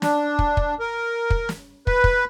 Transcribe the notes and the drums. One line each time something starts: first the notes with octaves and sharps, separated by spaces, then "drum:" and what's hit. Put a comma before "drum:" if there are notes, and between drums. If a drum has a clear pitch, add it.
D4, drum: snare
drum: kick
drum: kick
A#4
drum: kick
drum: snare
B4, drum: kick
drum: kick